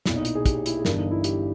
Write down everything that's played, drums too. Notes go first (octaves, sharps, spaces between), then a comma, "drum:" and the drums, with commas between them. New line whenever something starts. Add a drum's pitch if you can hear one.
B1 A#2 E4, drum: snare
D#4
E4, drum: hi-hat
G#4
G4, drum: kick, hi-hat
E4, drum: hi-hat
G#4
G1 G2 E3 A#4, drum: snare
D#4
E4
G4, drum: hi-hat